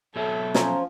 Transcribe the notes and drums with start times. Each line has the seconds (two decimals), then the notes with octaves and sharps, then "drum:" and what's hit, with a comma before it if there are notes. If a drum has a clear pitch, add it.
0.16 B2 F#3 A4 E5
0.55 F3 C#4 A#5, drum: snare